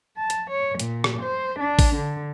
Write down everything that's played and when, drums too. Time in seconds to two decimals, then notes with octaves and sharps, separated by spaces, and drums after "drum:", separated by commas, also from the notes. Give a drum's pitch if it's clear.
0.18 A5
0.30 drum: hi-hat
0.51 C#5
0.79 A#2, drum: hi-hat
1.04 drum: rim click
1.22 C5
1.60 D4
1.79 drum: kick, open hi-hat
1.96 D3